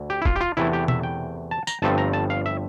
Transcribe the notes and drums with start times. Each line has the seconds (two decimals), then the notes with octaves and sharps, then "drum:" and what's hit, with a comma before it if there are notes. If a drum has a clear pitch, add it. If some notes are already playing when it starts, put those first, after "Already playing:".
Already playing: D2 D3
0.10 G4
0.22 E4
0.25 F4, drum: kick
0.36 G4
0.41 F4
0.57 E2 C3 E3 A3 E4
0.73 G4
0.88 E5, drum: tom B2
1.03 G5
1.51 A5
1.67 A#5, drum: tambourine
1.82 G1 G2 F3 A3 C4 A5
1.98 A#5
2.13 A5
2.30 F5
2.46 E5